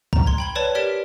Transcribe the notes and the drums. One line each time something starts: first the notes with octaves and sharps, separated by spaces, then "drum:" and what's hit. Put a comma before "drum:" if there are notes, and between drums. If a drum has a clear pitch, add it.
A#5, drum: kick
C6 G#6
G5 B5 G#6
B4 C#5 D5 A5
G4 A#4 D5 B6 D7